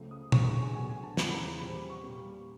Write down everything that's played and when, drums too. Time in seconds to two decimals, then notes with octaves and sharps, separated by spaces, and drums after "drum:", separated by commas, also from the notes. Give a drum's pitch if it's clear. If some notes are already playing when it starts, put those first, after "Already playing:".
Already playing: C#2 C#3 F3 A3
0.11 D#6
0.32 G2 E3 G#3 C4 C#6, drum: tom
0.47 C#6
0.61 G#5
0.75 D2 D3 F#3 B3 D4 G#5
0.89 G#5
1.03 A5
1.17 E2 C#3 F3 A#3 B5, drum: snare
1.32 A#5
1.47 B5
1.61 A#2 G3 C4 B5
1.89 C#6
2.03 A#2 G3 A#3